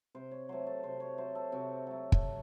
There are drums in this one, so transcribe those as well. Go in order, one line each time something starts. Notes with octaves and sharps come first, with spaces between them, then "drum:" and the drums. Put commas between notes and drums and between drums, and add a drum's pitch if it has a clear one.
C3 C5
C#5
F#3 A3 C5
A4
C3 C5
C#5
F#3 A3 C5
A4
C3 F#4
F#3 A3
drum: kick